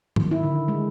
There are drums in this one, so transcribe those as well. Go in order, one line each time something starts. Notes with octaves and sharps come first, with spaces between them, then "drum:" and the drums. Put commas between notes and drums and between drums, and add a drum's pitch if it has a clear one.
D#3, drum: tom
E4
D3
G#3